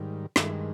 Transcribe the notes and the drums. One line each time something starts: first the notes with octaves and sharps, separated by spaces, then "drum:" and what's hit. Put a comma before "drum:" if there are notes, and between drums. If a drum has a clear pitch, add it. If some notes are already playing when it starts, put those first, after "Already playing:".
Already playing: G#2 D#3 G3
G2 D#3 G#3 E4, drum: rim click